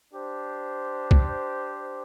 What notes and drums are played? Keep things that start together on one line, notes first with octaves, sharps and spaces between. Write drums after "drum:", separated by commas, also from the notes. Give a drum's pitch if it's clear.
D4 G4 C5
drum: kick